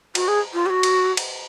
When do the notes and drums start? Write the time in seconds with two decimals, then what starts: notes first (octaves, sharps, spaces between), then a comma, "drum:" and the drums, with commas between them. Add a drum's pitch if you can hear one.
0.15 F#4, drum: cymbal
0.28 G#4
0.54 F4
0.66 G4
0.70 F#4
0.83 drum: cymbal
1.17 drum: cymbal